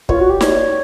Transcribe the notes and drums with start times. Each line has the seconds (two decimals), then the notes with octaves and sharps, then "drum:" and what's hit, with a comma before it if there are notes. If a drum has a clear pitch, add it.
0.09 F4 C#5, drum: kick
0.20 F#4
0.30 G4
0.41 C#5 D5, drum: snare D#4